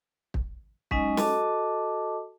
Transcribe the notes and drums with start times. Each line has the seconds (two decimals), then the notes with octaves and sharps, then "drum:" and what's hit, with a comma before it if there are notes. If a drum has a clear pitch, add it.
0.34 drum: kick
0.91 F#3 G#3 C#4 D#4 D#5 G#5, drum: kick
1.17 F#4 A4 D#5 A5 D6, drum: snare C#4